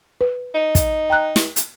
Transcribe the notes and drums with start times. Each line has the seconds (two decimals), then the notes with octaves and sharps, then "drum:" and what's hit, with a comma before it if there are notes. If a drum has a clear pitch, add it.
0.21 B4
0.55 D#4
0.75 drum: kick, hi-hat
1.10 G5 A#5 F#6
1.36 drum: snare
1.56 drum: hi-hat